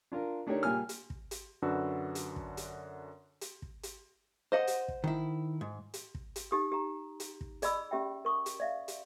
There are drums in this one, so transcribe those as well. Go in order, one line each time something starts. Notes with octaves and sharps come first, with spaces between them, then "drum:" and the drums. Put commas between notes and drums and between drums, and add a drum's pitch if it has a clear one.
D4 F4 A#4
A3 D4 D#4 G4 A#4 C#5
A#2 G3 G#5 F6
drum: hi-hat
drum: kick
drum: hi-hat
F#2 D3 D4 F#4 B4 E6
drum: hi-hat
drum: kick
drum: hi-hat
drum: hi-hat
drum: kick
drum: hi-hat
C5 D#5 F#5
drum: hi-hat
drum: kick
D#3 E4
G#2
drum: hi-hat
drum: kick
drum: hi-hat
D#4 G4 D#6
G4 A#5
drum: hi-hat
drum: kick
G#4 D5 D#5 B5 E6, drum: hi-hat
C#4 G4 E5 G5
A#4 C#6 D#6
drum: hi-hat
D5 E5 F5
drum: hi-hat